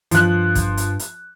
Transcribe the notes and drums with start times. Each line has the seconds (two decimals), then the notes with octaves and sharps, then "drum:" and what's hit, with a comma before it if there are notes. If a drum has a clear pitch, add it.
0.11 G2 F3 F#6, drum: hi-hat
0.55 drum: kick, hi-hat
0.77 drum: hi-hat
0.99 drum: hi-hat